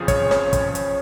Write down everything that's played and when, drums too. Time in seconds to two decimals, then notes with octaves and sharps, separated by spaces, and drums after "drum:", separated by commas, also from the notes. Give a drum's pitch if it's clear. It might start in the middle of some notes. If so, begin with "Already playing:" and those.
Already playing: F2 C#3 F3 G#4
0.08 C#5, drum: kick, hi-hat
0.31 C#5, drum: snare
0.53 drum: kick, hi-hat
0.75 drum: hi-hat